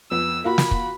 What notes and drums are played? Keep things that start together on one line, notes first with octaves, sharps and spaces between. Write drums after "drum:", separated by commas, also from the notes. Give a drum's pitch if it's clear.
F2 B3 E6
A#3 F4 F#4 B5
drum: snare
drum: kick